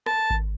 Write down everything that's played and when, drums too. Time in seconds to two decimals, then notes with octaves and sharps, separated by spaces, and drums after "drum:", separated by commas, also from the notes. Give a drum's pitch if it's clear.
0.06 A5, drum: rim click
0.30 drum: kick G#1